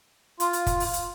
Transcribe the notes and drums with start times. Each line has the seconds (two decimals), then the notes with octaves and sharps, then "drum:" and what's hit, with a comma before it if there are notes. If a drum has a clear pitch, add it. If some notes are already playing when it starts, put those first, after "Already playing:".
0.40 F4, drum: hi-hat
0.53 drum: hi-hat
0.67 drum: kick, hi-hat
0.80 drum: open hi-hat
0.93 drum: hi-hat